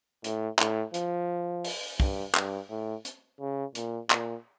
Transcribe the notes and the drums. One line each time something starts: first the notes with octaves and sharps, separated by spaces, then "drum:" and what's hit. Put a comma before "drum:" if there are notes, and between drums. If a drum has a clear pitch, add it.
A2, drum: hi-hat
A2, drum: clap
F3, drum: hi-hat
drum: open hi-hat
G2, drum: kick
G2, drum: clap
A2
drum: hi-hat
C#3
A#2, drum: hi-hat
A#2, drum: clap